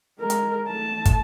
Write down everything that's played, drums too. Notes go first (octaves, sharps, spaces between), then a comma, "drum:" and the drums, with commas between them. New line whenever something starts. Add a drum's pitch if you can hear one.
G#3 A#4
drum: hi-hat
A3 A5
drum: kick, hi-hat